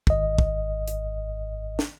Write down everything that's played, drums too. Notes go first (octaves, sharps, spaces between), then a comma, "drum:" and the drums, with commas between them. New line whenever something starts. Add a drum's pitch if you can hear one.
G#1 D#5, drum: kick
drum: kick
drum: hi-hat
drum: snare